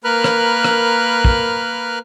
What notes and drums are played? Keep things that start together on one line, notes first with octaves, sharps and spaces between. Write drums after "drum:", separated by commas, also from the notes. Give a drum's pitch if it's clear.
A#3 A#4 B4 B5 F6 F#6
drum: rim click
drum: rim click
drum: kick